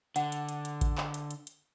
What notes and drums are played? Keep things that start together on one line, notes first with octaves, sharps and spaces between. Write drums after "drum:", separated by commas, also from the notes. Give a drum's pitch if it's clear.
D3 F#5, drum: hi-hat
drum: hi-hat
drum: hi-hat
drum: hi-hat
drum: kick A1, hi-hat
drum: clap
drum: hi-hat
drum: hi-hat
drum: hi-hat